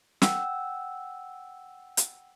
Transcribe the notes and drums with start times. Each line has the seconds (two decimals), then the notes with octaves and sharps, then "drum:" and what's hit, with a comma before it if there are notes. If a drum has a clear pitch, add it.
0.22 F#5 G5 E6, drum: snare
1.97 drum: hi-hat